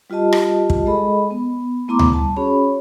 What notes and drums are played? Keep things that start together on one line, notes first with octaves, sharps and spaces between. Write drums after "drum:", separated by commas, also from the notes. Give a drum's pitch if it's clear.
G3 F4 G4 D#5 A5
drum: rim click
drum: kick
G#3 G#4 A4 D#5 B5
B3
A3 B3 E4 A#5 C6 D6
drum: tom D2
G3 A5
C#4 F#4 G#4 C#5 B5